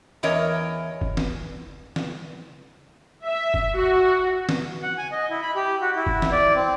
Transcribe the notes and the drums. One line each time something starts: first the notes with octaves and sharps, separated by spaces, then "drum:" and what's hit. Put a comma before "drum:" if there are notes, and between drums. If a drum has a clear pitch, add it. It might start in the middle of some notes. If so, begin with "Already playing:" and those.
E2 E3 A#4 C#5 D#5
drum: kick
drum: snare
drum: snare
E5
drum: kick
F#4
drum: snare
F#5
G#5
D#5
E4
B5
G4
F#4
E4
drum: kick
drum: snare
D5
C4